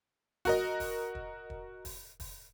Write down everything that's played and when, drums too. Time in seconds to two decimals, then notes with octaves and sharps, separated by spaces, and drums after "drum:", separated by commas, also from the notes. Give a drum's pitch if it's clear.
0.45 F#4 A#4 D#5, drum: kick, open hi-hat
0.80 drum: kick, open hi-hat
1.15 drum: kick
1.50 drum: kick
1.85 drum: kick, open hi-hat
2.20 drum: kick, open hi-hat